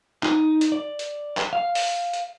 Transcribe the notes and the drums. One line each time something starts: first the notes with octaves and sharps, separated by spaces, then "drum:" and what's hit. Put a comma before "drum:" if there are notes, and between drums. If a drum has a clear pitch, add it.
D#4, drum: clap
drum: hi-hat
D5
drum: hi-hat
drum: clap
F5
drum: open hi-hat
drum: hi-hat